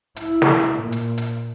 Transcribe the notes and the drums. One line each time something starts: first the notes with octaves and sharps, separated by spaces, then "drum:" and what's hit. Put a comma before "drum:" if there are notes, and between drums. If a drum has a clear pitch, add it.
E4, drum: hi-hat
drum: snare
A#2
drum: hi-hat
drum: hi-hat